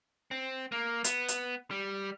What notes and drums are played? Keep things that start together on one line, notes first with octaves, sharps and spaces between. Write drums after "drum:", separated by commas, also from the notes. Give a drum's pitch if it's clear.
C4
A#3
B3, drum: hi-hat
drum: hi-hat
G3